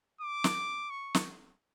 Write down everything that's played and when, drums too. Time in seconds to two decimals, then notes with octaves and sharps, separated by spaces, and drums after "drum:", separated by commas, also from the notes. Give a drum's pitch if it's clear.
0.21 D6
0.44 drum: snare
0.90 C#6
1.15 drum: snare